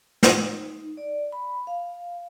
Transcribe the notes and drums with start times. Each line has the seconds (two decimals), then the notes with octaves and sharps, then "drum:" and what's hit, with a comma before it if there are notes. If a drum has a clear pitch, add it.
0.23 D#4, drum: snare
0.97 D5
1.32 B5
1.67 F5